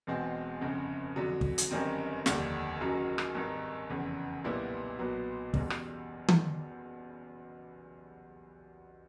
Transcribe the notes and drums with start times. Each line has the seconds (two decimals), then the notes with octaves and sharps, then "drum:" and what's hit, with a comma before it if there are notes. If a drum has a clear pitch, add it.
0.07 E1 E2 B2 G#3 C4
0.61 G1 F2 C#3
1.16 F2 D3 F#3
1.41 drum: kick
1.58 drum: hi-hat
1.71 G1 F#2 D#3 G3 C4
2.26 F1 D#2 D3 G3, drum: snare
2.80 F#1 F#2 D#3 F#3
3.18 drum: rim click
3.35 G#1 G2 D#3
3.89 F1 E2 C#3
4.44 B1 A#2 G3 B3 E4
4.99 B1 A#2 F#3 B3
5.54 F#1 E2 B2 G3, drum: kick
5.70 drum: rim click
6.28 drum: tom D#3